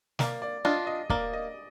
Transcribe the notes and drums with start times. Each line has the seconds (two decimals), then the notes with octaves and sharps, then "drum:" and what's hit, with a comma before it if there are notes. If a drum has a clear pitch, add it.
0.19 A#3 D5, drum: snare
0.42 D5
0.65 D4 F4 D#5
0.87 D#5
1.10 A#3 D5, drum: kick
1.33 D#5